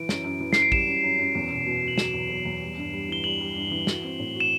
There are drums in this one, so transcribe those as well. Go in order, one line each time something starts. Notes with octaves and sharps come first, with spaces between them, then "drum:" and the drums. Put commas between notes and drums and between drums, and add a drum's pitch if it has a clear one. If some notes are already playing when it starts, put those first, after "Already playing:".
Already playing: E3 D7
F#2, drum: snare
F#2
E3
F#2 C7, drum: snare
D7
G3 E7, drum: kick
F#2
F#2
F#2
E2
B2
B2
B2
F#7
F#3 E7, drum: snare
E2
F#3
E2
G3
G2
G3
E3 G7
G3 F#7
G3
G2
E3
F#4, drum: snare
C4
A2
F#4
E7